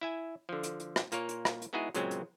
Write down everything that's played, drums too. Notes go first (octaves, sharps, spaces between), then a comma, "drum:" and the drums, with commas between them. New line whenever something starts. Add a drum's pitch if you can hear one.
E4 E5 G#5
D3 F3
drum: hi-hat
drum: hi-hat
drum: rim click
A#2 A#3 F4 A#4 C#5, drum: hi-hat
drum: hi-hat
drum: rim click
drum: hi-hat
G#3 B3 D#4 E4 F#4 G#4
A#2 C#3 F#3 G#3 C4, drum: hi-hat
drum: hi-hat